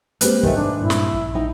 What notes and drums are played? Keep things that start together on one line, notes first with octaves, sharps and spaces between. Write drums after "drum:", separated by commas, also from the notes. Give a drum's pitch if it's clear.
G#3 A#3 C4 G4 B4 F#6, drum: hi-hat
G#2 D#3 A3, drum: kick
D4
G2 A#2 E4
drum: snare
A#1
D#4 G5